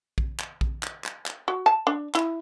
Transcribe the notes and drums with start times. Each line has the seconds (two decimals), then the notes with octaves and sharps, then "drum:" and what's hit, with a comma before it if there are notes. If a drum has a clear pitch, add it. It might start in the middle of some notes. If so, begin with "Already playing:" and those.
0.18 drum: kick A#1
0.39 drum: clap
0.61 drum: kick A#1
0.83 drum: clap
1.04 drum: clap
1.26 drum: clap
1.48 F#4
1.66 A5
1.87 D4
2.15 E4, drum: clap